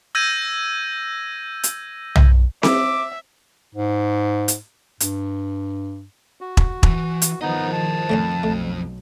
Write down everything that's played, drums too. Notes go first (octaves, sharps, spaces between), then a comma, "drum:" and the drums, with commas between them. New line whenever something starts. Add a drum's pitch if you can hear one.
E6 G6 G#6 A#6 D#7
drum: hi-hat
drum: tom
E5 D6, drum: snare C4
G#2
drum: hi-hat
G2, drum: hi-hat
F#4
drum: kick E1
E3, drum: kick E1
drum: hi-hat
D#3 F3 B3 D#4 C5 D#5
A5
F2 A3 C4 C#4
B1 A3